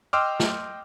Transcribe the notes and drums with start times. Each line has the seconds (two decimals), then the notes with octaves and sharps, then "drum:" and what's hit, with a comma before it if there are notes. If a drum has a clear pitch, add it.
0.13 D#5 G5 C6 D6 E6 F6
0.40 drum: snare